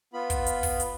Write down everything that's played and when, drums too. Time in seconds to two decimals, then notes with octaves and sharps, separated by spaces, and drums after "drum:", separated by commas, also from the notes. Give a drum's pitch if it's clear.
0.13 B3 F4 B5
0.30 drum: kick, hi-hat
0.46 drum: hi-hat
0.63 drum: kick, open hi-hat
0.80 drum: hi-hat